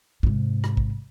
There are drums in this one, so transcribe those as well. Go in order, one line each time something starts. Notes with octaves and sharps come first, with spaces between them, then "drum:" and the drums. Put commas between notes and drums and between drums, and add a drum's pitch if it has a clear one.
G#2 C3, drum: kick
drum: rim click
drum: kick